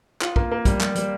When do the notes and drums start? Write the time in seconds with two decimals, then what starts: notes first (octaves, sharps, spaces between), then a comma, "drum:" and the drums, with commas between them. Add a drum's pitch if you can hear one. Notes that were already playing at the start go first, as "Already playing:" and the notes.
0.22 F4, drum: clap
0.36 A#3, drum: kick
0.52 A#3
0.65 G3, drum: kick, hi-hat
0.81 G3, drum: clap
0.95 G3, drum: hi-hat